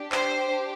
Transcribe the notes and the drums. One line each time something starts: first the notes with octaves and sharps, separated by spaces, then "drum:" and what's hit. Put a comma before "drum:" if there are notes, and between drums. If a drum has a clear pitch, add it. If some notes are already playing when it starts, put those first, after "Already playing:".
Already playing: D4 G4
C5, drum: clap